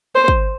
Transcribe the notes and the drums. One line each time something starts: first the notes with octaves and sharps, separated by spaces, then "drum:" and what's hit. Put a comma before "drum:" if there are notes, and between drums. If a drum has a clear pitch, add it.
C5
drum: kick